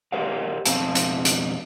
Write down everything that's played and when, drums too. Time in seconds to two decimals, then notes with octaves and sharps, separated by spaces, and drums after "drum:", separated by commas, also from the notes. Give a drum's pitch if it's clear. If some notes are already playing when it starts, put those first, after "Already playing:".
0.12 G4 A#4 C5 D5 F5 F#5
0.66 F2 B2 C4 F5 A5, drum: hi-hat
0.95 drum: hi-hat
1.25 drum: hi-hat